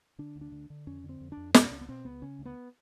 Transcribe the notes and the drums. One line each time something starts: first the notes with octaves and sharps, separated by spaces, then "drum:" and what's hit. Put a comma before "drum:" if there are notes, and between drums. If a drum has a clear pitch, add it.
D3 D4
D2
D4
D3
D3
F2 C#4
D3
C4
F2
D4
F2
B2 C#4, drum: snare
C#2 C#4
B3
B2 C4
C#2 B3
C#3 C#4
D2
B3